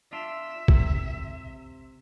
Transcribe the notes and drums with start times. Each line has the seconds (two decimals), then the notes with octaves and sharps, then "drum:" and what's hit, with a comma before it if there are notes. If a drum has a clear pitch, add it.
0.13 D4 F4 E5
0.68 C3, drum: kick